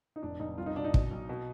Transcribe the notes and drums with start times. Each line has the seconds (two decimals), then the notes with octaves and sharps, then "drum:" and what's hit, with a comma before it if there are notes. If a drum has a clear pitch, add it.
0.16 D#4
0.23 F1 D4
0.40 F1 D#4
0.58 C2 F4
0.66 D#4
0.76 B2 D4
0.84 D#4
0.94 B2, drum: kick
1.11 B1
1.29 B2